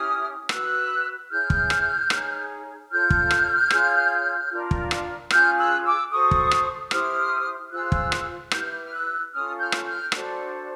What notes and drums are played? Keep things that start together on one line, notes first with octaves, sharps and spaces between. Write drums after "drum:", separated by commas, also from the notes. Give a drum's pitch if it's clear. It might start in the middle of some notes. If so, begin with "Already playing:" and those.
Already playing: C#4 E4 G4 D#6 F6
F#4 B4 E6 F#6, drum: rim click
E4 G#4 C#5 F6 G6
drum: kick
drum: rim click
D#4 G#4 C#5, drum: rim click
F4 A4 C#5 F6 G6
drum: kick
drum: rim click
F4 G#4 C#5, drum: rim click
D4 F4 A#4
drum: kick
drum: rim click
C#4 F4 G#4 F6 G6, drum: rim click
E6 F#6
D6 E6
F#4 A4 C5 C#6 D#6
drum: kick
drum: rim click
E4 G4 C5 D#6 F6, drum: rim click
F4 G#4 C5 E6 F#6
drum: kick
drum: rim click
E4 G4 B4 F6 G6, drum: rim click
F6
E6 F#6
C#4 F4 A4 D#6 F6
F6 G6
drum: rim click
F6 G6
D4 F#4 A4 C5, drum: rim click